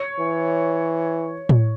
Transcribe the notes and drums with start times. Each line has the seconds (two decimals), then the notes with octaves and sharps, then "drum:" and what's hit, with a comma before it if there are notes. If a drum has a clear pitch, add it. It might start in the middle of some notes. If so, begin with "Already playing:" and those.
Already playing: C#5
0.19 E3
1.49 drum: tom A2